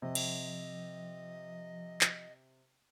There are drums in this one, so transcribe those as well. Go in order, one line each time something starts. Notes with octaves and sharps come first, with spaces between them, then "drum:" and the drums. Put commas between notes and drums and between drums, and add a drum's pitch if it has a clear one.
C3 F3 D#5
drum: cymbal
drum: clap